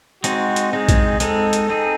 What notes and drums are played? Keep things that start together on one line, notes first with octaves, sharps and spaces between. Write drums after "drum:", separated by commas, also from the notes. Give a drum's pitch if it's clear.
G#3 C4 D#4 F#4, drum: hi-hat
drum: hi-hat
G#3 C4 D#4 G#4
drum: kick, hi-hat
G#3 C4 D#4 A4, drum: hi-hat
drum: hi-hat
C4 D#4 G#4